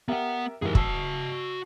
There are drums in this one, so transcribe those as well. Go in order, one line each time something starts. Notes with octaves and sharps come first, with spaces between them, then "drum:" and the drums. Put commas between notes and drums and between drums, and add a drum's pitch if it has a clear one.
B3 G4 A#4 E5 F#5
G#2 E3 G3 G#4 A#4
F#4 A5 E6 C7, drum: kick